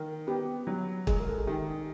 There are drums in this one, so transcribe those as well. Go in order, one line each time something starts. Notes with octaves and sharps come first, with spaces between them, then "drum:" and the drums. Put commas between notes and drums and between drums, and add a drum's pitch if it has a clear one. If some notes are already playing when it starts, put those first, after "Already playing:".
Already playing: D#3 A#4
B3 G4
F#3
G#3 G#4, drum: kick
A#4
A4
G#4
D#3 G4